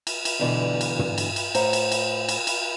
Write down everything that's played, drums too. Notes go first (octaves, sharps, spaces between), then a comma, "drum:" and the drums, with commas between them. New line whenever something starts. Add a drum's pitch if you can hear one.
drum: cymbal
drum: cymbal
G2 B2 D3 E3
drum: cymbal
drum: tom
drum: cymbal
drum: cymbal
A2 C5 F#5 A#5, drum: cymbal
drum: cymbal
drum: cymbal
drum: cymbal
drum: cymbal